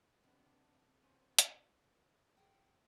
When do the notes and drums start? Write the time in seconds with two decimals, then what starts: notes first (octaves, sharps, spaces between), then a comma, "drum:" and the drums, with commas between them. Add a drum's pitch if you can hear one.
0.23 C3 B3 D4
1.02 B3 C#4 C5
1.39 drum: hi-hat
2.37 G#4 F#5 G5